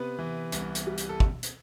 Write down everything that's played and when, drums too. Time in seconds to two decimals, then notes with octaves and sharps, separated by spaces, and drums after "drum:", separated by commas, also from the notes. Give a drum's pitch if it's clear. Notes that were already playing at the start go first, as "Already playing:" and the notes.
Already playing: C3 B3 B4
0.19 E3
0.52 C2, drum: hi-hat
0.75 drum: hi-hat
0.87 G3
0.98 drum: hi-hat
1.09 A4
1.20 drum: kick
1.43 drum: hi-hat